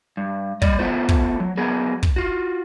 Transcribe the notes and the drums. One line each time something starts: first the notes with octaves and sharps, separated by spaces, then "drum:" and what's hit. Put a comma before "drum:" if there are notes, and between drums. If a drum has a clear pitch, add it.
G2
G3 D5 D#5, drum: kick
A3 B3 F4 C5
drum: kick
F#3
F#3 B3 G#4 A#4
drum: kick
F4 F#4